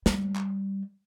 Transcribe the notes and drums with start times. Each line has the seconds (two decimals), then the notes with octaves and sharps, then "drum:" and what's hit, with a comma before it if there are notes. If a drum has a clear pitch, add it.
0.06 G3, drum: snare
0.36 drum: clap